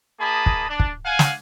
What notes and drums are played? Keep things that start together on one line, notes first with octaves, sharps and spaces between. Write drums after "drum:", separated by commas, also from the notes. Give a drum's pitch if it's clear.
A#3 G#4 D#5 A5 B5
drum: kick
D4
drum: kick
F5 F#5 G#5
drum: snare